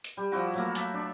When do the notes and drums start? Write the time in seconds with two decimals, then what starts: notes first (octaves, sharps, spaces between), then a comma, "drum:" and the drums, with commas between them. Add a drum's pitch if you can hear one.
0.04 drum: hi-hat
0.17 G3
0.32 F3 E4 F#4
0.54 F#3 A3 A#3
0.75 E5 A5, drum: hi-hat
0.94 D4